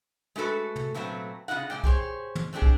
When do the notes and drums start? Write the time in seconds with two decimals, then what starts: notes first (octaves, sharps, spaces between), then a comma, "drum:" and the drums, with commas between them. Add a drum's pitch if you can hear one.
0.36 G#3 A3 F#4 A4 B4
0.76 drum: tom
0.95 A#2 F#3 A3 B3 C4
1.48 C#3 E3 F4 D#5 F#5
1.70 A#2 G#3 D5 G5
1.84 G4 G#4 C5 C#5, drum: kick
2.35 drum: tom
2.53 A3 C4 D4 G4 G#4
2.62 drum: kick